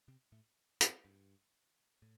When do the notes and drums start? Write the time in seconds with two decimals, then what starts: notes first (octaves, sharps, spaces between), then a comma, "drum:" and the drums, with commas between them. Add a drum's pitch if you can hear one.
0.08 C3 C4
0.32 A2 A3
0.81 F2 F3, drum: hi-hat
1.05 G2
2.02 A2